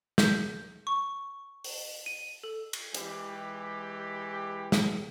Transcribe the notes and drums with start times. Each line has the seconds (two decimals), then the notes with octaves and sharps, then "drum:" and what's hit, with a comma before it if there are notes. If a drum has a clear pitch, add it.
0.18 G6, drum: snare
0.87 C#6
1.64 drum: open hi-hat
2.06 D#7
2.43 A4
2.73 drum: cymbal
2.94 E3 G#3 G4, drum: hi-hat
4.72 drum: snare